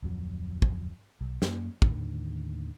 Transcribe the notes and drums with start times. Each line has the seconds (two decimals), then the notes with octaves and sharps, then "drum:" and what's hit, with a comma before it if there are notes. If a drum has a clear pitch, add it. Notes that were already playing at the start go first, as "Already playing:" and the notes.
0.02 D1 F2 F#3
0.62 drum: kick
1.21 B1
1.42 F#2 A#3, drum: snare
1.82 D#2 A2 D3 D#3, drum: kick